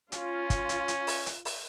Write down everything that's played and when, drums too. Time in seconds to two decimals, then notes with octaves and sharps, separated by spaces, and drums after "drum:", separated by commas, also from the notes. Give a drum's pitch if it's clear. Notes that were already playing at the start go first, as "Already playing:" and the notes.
0.12 C#4 F4, drum: hi-hat
0.50 drum: kick, hi-hat
0.69 drum: hi-hat
0.88 drum: hi-hat
1.07 drum: open hi-hat
1.26 drum: hi-hat
1.45 drum: open hi-hat